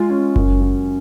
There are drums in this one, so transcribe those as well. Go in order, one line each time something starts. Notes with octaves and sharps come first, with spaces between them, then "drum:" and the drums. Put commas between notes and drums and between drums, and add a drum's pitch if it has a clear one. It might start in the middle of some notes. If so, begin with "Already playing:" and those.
Already playing: G#3 F4
C#4
F#2, drum: kick F#1
F#2